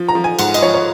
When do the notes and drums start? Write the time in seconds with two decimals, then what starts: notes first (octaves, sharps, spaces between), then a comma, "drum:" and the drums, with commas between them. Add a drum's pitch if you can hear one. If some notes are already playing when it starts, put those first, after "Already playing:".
Already playing: F3
0.08 A#5
0.15 F3
0.24 G#5
0.39 G#2 F#5, drum: cymbal
0.54 D#5, drum: cymbal
0.62 F3 C#5
0.74 C#5